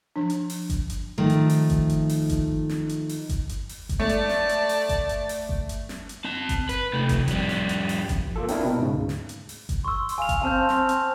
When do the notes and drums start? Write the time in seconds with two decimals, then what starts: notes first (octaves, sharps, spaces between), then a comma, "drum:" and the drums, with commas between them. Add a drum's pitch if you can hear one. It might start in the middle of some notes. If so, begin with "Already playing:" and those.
0.16 F3 D4
0.30 drum: hi-hat
0.50 drum: open hi-hat
0.70 drum: kick G1, hi-hat
0.90 drum: hi-hat
1.18 D#3 F3 A3
1.30 drum: hi-hat
1.50 drum: open hi-hat
1.70 drum: kick G1, hi-hat
1.89 drum: hi-hat
2.09 drum: open hi-hat
2.29 drum: kick G1, hi-hat
2.69 drum: snare
2.89 drum: hi-hat
3.09 drum: open hi-hat
3.29 drum: kick G1, hi-hat
3.49 drum: hi-hat
3.69 drum: open hi-hat
3.89 drum: kick G1, hi-hat
4.00 A3 D5 A5
4.09 drum: hi-hat
4.29 drum: snare
4.49 drum: hi-hat
4.69 drum: open hi-hat
4.89 drum: kick G1, hi-hat
5.09 drum: hi-hat
5.29 drum: open hi-hat
5.49 drum: kick G1
5.69 drum: hi-hat
5.89 drum: snare
6.09 drum: hi-hat
6.24 C4 A5
6.49 drum: kick G1, hi-hat
6.69 B4, drum: hi-hat
6.93 C3 A3
7.09 drum: kick G1, hi-hat
7.28 F2 G3, drum: hi-hat
7.49 drum: snare
7.69 drum: hi-hat
7.89 drum: open hi-hat
8.09 drum: kick G1, hi-hat
8.22 A#1
8.36 A#3 F4 A4
8.48 C4 D4 E4 A#4, drum: open hi-hat
8.64 B2
8.78 G#2 C#3
8.93 D2
9.09 drum: snare
9.29 drum: hi-hat
9.49 drum: open hi-hat
9.69 drum: kick G1, hi-hat
9.84 C6 C#6 E6
10.09 drum: open hi-hat
10.18 F5 G#5 F7
10.29 drum: kick G1, hi-hat
10.43 C4 A5 F6 G6
10.69 drum: snare
10.89 drum: hi-hat